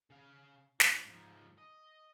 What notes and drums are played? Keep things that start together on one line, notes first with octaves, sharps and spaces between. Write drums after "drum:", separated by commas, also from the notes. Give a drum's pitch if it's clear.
C#3 F5
F3 D4, drum: snare
G#2 F3
D#5